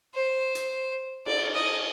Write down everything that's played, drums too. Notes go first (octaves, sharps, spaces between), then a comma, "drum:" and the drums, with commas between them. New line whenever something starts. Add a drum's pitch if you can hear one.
C5
drum: hi-hat
D5, drum: cymbal
D#5